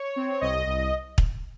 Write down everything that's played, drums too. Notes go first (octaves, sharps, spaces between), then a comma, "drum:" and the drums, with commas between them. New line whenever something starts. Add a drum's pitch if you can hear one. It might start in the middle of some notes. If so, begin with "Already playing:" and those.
Already playing: C#5
C4
C2 D#5
C2
drum: kick